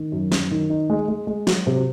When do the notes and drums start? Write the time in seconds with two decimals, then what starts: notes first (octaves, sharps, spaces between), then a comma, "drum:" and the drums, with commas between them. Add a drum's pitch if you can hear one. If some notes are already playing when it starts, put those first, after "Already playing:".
Already playing: D#3
0.12 F#2
0.32 C#4, drum: snare
0.51 D#3
0.70 D#4
0.90 G#3
1.08 G#3
1.27 G#3
1.47 F#3, drum: snare
1.67 C3